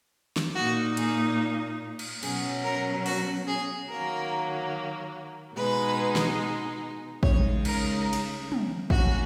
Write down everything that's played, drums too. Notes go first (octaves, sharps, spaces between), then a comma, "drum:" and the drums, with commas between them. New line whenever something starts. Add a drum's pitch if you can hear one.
drum: snare
A#2 A#3 D#4 F#4
G#4, drum: hi-hat
drum: cymbal
B2 F#3 C#4 G#4, drum: cymbal
A#4
F#4, drum: open hi-hat
G#4
D#3 F#3 A#3 A#4
B2 G#3 D#4 B4
drum: snare
C#3 G#3 D#4 C#5, drum: kick
A#4, drum: cymbal
drum: cymbal
drum: tom
D#3 A#3 C#4 F#4, drum: kick